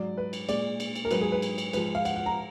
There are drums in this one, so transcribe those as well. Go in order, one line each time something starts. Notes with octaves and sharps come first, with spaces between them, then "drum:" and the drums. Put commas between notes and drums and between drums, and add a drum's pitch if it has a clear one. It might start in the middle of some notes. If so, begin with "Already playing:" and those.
Already playing: G#2 F#3 D5
B4
drum: cymbal
A#2 G#3 D5, drum: cymbal
drum: cymbal
drum: cymbal
A#4
G#2 F#3 B4, drum: cymbal
G#4
B4
drum: cymbal
drum: cymbal
G#2 F3 G#3 B4, drum: cymbal
F5
F#5, drum: cymbal
F#5
A#5